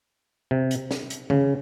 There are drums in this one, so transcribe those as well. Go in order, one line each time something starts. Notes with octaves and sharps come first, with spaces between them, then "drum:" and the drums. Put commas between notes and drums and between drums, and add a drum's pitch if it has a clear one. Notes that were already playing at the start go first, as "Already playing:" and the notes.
C3
drum: hi-hat
drum: snare
drum: hi-hat
C#3, drum: tom D3